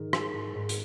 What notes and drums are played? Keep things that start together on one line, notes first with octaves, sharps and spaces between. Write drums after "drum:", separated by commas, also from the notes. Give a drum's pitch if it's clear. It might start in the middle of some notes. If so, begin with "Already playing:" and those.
Already playing: G#2 D#3
G#3, drum: rim click
G#2
G#2
drum: hi-hat